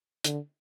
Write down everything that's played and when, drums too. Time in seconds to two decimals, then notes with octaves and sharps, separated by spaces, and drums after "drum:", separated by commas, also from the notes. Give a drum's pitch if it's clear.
0.24 D3, drum: hi-hat